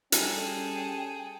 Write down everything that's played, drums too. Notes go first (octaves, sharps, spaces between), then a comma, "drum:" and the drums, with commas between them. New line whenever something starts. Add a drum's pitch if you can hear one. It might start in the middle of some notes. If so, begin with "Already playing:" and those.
G3 C#4 G#4 A4 G5, drum: hi-hat